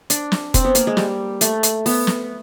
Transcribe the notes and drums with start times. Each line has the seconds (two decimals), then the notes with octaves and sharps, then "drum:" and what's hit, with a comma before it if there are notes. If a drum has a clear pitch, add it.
0.10 D4, drum: hi-hat
0.32 drum: snare
0.54 C4, drum: kick F1, hi-hat
0.65 B3
0.75 A#3, drum: hi-hat
0.87 G#3
0.97 G3, drum: snare
1.41 A3, drum: hi-hat
1.63 drum: hi-hat
1.86 B3, drum: open hi-hat
2.07 drum: snare